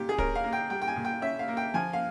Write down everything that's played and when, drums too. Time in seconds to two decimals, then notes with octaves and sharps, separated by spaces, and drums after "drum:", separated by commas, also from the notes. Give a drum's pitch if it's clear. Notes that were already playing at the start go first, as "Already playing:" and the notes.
Already playing: A#2 G3 G4
0.09 G#4
0.18 C#4 A#4, drum: kick
0.35 F5
0.44 A#3
0.53 G5
0.70 G3 G5
0.82 G5
0.87 G#5
0.96 A#2
1.05 G5
1.22 C#4 E5
1.39 F5
1.48 A#3
1.57 G5
1.74 F3 G#5
1.93 F5